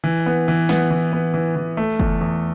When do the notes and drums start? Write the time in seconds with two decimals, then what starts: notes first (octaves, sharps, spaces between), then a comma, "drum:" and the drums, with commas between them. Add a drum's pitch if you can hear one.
0.04 E3
0.26 B3
0.48 E3
0.69 B3, drum: snare
0.91 E3
1.13 B3
1.34 E3
1.56 E3
1.77 A3
2.00 E2, drum: kick
2.21 E2